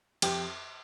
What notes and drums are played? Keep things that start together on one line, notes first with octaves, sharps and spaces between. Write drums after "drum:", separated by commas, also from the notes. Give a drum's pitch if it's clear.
F2 G4 G5, drum: cymbal